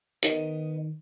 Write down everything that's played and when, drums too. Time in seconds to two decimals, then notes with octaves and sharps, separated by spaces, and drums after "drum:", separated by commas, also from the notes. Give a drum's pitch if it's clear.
0.23 D#3 B3 D#5, drum: hi-hat